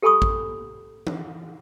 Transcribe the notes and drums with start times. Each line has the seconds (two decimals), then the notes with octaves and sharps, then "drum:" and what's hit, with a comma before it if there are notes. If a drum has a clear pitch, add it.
0.02 G4 A4 G#5 B5 C#6 D#6
0.22 drum: kick
1.07 drum: tom E3